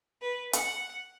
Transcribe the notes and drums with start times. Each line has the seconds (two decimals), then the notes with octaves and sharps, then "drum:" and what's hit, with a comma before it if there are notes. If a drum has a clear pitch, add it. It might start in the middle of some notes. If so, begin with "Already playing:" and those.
0.21 B4
0.53 F#5, drum: hi-hat